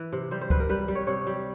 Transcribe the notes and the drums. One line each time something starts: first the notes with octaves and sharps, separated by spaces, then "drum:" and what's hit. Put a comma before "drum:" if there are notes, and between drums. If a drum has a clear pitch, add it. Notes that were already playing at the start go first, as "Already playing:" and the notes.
Already playing: E3
C3
G3 C5
C5
C3 B4, drum: kick C#2
A#4
G3 B4
G3
C#5
C3 C#5
G3